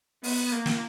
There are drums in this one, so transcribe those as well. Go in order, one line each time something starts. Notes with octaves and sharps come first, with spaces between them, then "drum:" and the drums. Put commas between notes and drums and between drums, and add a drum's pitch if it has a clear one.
B3, drum: open hi-hat
A#3
drum: snare